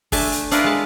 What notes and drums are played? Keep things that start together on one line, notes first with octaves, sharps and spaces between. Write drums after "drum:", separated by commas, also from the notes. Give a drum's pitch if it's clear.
A3 D4 E5 G#5 A5, drum: kick, open hi-hat
drum: hi-hat
D4 E4 F4 A#4 B4, drum: hi-hat
G#3 A5